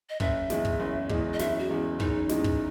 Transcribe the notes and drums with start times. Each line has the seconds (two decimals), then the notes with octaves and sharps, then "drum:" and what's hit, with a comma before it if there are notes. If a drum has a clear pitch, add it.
0.10 D#5
0.20 F#1 E5, drum: kick
0.50 E2 C#3 G#3, drum: snare
0.65 drum: kick
0.80 F#1
1.09 E2 C#3 G#3, drum: kick
1.34 D#5
1.39 F#1 E5, drum: snare
1.59 F#4
1.69 E2 C#3 G#3
2.00 F#1 D#4, drum: kick
2.29 E2 C#3 G#3, drum: snare
2.44 drum: kick